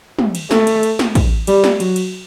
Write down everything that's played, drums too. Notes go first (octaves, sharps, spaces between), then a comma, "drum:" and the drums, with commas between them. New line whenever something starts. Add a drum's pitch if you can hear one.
drum: tom
drum: cymbal
A3, drum: snare
drum: cymbal
drum: cymbal
drum: snare
drum: kick, cymbal
G3, drum: cymbal
drum: snare
F#3, drum: cymbal
drum: cymbal